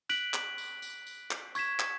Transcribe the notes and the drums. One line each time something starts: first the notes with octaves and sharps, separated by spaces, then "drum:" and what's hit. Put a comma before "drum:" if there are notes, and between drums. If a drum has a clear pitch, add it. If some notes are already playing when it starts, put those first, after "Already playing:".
F#6 B6 D7 F#7, drum: tambourine
drum: clap
drum: tambourine
drum: tambourine
drum: tambourine
drum: clap
C#6 G#6 B6 E7, drum: tambourine
drum: clap